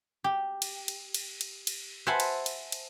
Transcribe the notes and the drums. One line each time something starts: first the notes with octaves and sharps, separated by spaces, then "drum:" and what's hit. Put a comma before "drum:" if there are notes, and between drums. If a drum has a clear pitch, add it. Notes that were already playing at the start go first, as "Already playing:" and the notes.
G4
drum: cymbal
drum: cymbal
drum: cymbal
drum: cymbal
drum: cymbal
C5 E5 F#5 G#5 A5 B5
drum: cymbal
drum: cymbal
drum: cymbal